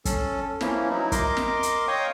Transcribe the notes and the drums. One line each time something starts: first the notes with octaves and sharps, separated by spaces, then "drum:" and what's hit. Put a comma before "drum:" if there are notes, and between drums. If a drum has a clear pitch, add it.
C#4 A4, drum: kick, hi-hat
E3 F3 A#3 C#4 E4, drum: snare
F#3 D#4 E4
A#4 D#5 C6 D6, drum: kick, hi-hat
drum: snare
drum: hi-hat
C#5 D#5 F5 G5 C#6 D#6